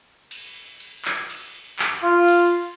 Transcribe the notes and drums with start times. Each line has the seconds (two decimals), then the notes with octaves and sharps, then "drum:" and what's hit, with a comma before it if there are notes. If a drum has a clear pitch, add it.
0.31 drum: cymbal
0.80 drum: cymbal
1.05 drum: clap
1.30 drum: cymbal
1.79 drum: clap
2.04 F4
2.28 drum: cymbal